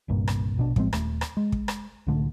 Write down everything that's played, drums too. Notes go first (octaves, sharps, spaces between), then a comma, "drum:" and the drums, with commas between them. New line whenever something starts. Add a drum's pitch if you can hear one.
G1 C2 G2 A#2
drum: rim click
A#1 B2 D4
A2 F3 G#3 C4, drum: kick
D#1 A3, drum: rim click
drum: rim click
G#3
drum: kick
drum: rim click
C2 A2 D3 A3